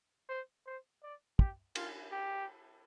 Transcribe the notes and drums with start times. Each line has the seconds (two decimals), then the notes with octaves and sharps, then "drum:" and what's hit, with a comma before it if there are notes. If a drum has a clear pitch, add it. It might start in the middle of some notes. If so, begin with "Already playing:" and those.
0.29 C5
0.66 C5
1.03 D5
1.39 G4, drum: kick
1.75 F4, drum: cymbal
2.12 G4